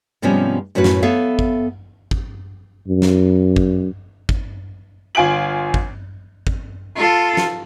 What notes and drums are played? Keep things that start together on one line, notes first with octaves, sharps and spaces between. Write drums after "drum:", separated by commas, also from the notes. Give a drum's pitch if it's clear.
G#2 C3 F3 G3 B3 C#4
F#2 A2 C#4 F#4 B4
drum: snare
B3 A4 C#5 E5 F5
drum: kick
drum: kick
F#2
drum: snare
drum: kick
drum: kick
G1 F4 G#5 D7 F#7
drum: kick
drum: kick
F4 A4
drum: snare